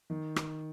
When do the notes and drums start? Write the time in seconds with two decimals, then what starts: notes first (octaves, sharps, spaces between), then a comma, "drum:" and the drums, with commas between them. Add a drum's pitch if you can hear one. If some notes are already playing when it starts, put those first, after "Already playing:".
0.10 D#3
0.36 drum: rim click